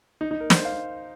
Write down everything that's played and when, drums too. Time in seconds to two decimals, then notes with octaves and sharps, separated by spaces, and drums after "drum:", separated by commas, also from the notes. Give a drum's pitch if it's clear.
0.21 D#4
0.31 D#4
0.40 A#4
0.50 C5, drum: snare
0.65 F5